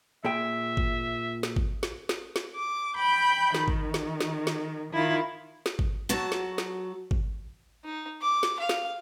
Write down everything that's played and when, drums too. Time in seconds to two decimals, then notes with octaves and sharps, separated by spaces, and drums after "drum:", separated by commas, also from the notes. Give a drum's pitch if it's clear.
0.25 A#2 G#4 E5 G5
0.77 drum: kick G#1
1.43 drum: snare
1.56 drum: kick G#1
1.83 drum: snare
2.09 drum: snare
2.36 drum: snare
2.56 D6
2.96 G5 B5 G6
3.55 D#3, drum: snare
3.68 drum: kick G#1
3.94 drum: snare
4.21 drum: snare
4.47 drum: snare
4.92 D#3 E4 F4
5.66 drum: snare
5.79 drum: kick G#1
6.09 F#3 F#4 A5
6.32 drum: snare
6.58 drum: snare
7.11 drum: kick G#1
7.84 D#4
8.22 D6
8.43 drum: snare
8.59 F5
8.69 drum: snare